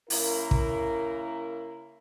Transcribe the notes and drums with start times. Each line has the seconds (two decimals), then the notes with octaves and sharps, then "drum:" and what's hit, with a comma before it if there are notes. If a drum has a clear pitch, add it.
0.10 C#3 A#3 E4 A#4, drum: open hi-hat
0.51 drum: kick